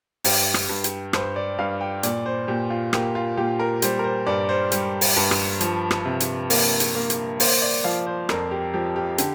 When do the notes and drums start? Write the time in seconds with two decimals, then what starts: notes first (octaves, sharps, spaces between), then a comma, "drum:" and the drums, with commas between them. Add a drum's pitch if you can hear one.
0.24 G2 G4, drum: open hi-hat
0.54 drum: rim click
0.69 G2
0.84 drum: hi-hat
1.13 G2 C5, drum: rim click
1.36 D5
1.58 G2 F5
1.81 G5
2.03 A#2 D5, drum: hi-hat
2.26 C5
2.48 A#2 G4
2.70 F4
2.93 A#3 G4, drum: rim click
3.15 F4
3.37 A#2 G4
3.60 A#4
3.82 G3 C5, drum: hi-hat
3.99 A#4
4.04 C5
4.27 G2 D5
4.49 C5
4.72 G3, drum: hi-hat
5.01 drum: open hi-hat
5.16 G2
5.31 drum: rim click
5.61 F3, drum: hi-hat
5.91 drum: rim click
6.05 C3
6.20 drum: hi-hat
6.50 A#3, drum: open hi-hat
6.80 drum: hi-hat
6.95 A#3
7.10 drum: hi-hat
7.40 A#3 C5, drum: open hi-hat
7.62 D5
7.84 F3 F5
8.07 C5
8.29 F2 A#4, drum: rim click
8.51 G4
8.73 F3 G4
8.96 G4
9.18 D3 G4, drum: hi-hat